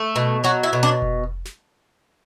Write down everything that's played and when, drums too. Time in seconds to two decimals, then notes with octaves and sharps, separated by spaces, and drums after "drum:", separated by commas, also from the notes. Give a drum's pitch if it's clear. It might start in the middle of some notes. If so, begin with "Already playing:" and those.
Already playing: A3
0.16 B2
0.44 F#3 F#4
0.63 E4
0.73 B2
0.83 D4
1.02 drum: kick F1
1.45 drum: snare